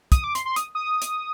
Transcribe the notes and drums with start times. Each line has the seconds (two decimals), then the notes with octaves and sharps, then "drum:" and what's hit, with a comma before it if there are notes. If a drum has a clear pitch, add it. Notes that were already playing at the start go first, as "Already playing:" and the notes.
0.12 D#6, drum: kick, hi-hat
0.24 D6
0.35 C6, drum: hi-hat
0.45 C6
0.56 D#6, drum: hi-hat
0.75 D#6
1.02 drum: hi-hat